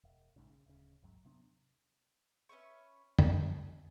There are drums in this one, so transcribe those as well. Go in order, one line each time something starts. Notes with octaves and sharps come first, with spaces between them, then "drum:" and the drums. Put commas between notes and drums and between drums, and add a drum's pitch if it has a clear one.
E1
A#1 G#2 C#3
C#3
D1 C#3
A1 D#2 G#2 F#3
C3 F#3 B3 D4
C#4 B4 E5 C#6
G#5 A5 E6, drum: tom F2